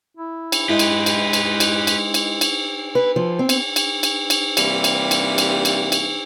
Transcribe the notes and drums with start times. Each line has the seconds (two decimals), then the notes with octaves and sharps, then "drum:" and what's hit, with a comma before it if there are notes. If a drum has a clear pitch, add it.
0.17 E4
0.52 drum: cymbal
0.69 G#3 E4 G4 B4 D#5
0.79 drum: cymbal
1.06 drum: cymbal
1.33 drum: cymbal
1.60 drum: cymbal
1.87 drum: cymbal
2.14 drum: cymbal
2.41 drum: cymbal
2.95 B4
3.16 F3
3.39 C4
3.49 drum: cymbal
3.76 drum: cymbal
4.03 drum: cymbal
4.30 drum: cymbal
4.57 C3 E3 G3 A#3, drum: cymbal
4.84 drum: cymbal
5.11 drum: cymbal
5.38 drum: cymbal
5.65 drum: cymbal
5.92 drum: cymbal